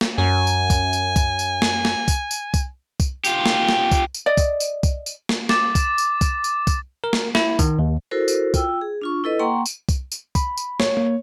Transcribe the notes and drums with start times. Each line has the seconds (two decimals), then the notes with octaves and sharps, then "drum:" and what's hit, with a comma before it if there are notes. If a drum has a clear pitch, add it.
0.01 drum: snare
0.18 F#2 G#5
0.47 drum: tambourine
0.70 drum: kick, tambourine
0.93 drum: tambourine
1.16 drum: kick, tambourine
1.39 drum: tambourine
1.62 drum: snare
1.85 drum: snare
2.08 drum: kick, tambourine
2.31 drum: tambourine
2.54 drum: kick, tambourine
3.00 drum: kick, tambourine
3.25 F4 G4, drum: tambourine
3.46 drum: snare
3.69 drum: snare
3.91 drum: kick, tambourine
4.14 drum: tambourine
4.26 D5 D#5
4.37 drum: kick, tambourine
4.60 drum: tambourine
4.83 drum: kick, tambourine
5.06 drum: tambourine
5.29 drum: snare
5.49 D6 A6 E7, drum: snare
5.75 drum: kick, tambourine
5.98 drum: tambourine
6.21 drum: kick, tambourine
6.44 drum: tambourine
6.67 drum: kick, tambourine
7.04 A#4
7.13 drum: snare
7.35 E4, drum: snare
7.59 D#3, drum: kick, tambourine
7.79 D#2
8.11 E4 F#4 A4 A#4 C5
8.28 drum: tambourine
8.54 F4 G5 E6, drum: kick, tambourine
8.81 G#4
9.01 D4 F4 C#6
9.24 E4 A4 B4 D#5
9.39 A#3 F#5 G5 A#5 C6 C#6
9.66 drum: tambourine
9.89 drum: kick, tambourine
10.12 drum: tambourine
10.35 B5, drum: kick, tambourine
10.57 drum: tambourine
10.80 C#5, drum: snare
10.97 A#3